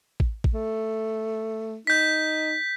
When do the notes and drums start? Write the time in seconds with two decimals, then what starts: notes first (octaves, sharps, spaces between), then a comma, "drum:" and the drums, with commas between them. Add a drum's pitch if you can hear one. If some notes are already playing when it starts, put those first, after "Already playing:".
0.20 drum: kick A1
0.44 drum: kick A1
0.54 A3
1.87 D#4 G6 B6